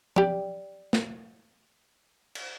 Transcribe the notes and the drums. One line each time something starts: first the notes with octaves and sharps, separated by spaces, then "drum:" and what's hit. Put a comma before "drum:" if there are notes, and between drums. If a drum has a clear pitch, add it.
G4 D5, drum: tom F3
drum: snare
drum: cymbal